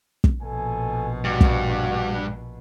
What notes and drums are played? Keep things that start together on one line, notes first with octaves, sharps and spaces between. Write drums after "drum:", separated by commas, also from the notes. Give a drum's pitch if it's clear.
drum: kick
A#1 B2 A4 G#5
G2 F#4
drum: kick